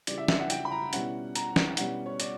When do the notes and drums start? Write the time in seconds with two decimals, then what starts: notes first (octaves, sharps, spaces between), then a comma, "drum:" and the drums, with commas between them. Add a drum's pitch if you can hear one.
0.07 C#3 E3 G3 D5, drum: hi-hat
0.18 E5
0.28 E5, drum: snare
0.40 F#5
0.50 G5, drum: hi-hat
0.65 B5
0.71 A#5
0.93 B2 G3 C#4 E4 F#5, drum: hi-hat
1.35 A#5, drum: hi-hat
1.56 drum: snare
1.77 B2 G3 C#4 E4 F#5, drum: hi-hat
2.06 C#5
2.20 D5, drum: hi-hat